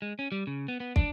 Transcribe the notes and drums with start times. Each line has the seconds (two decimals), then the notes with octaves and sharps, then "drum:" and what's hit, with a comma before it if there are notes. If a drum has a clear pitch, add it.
0.02 G#3
0.19 C#4
0.32 G3
0.47 C#3
0.68 B3
0.80 B3
0.96 D4, drum: kick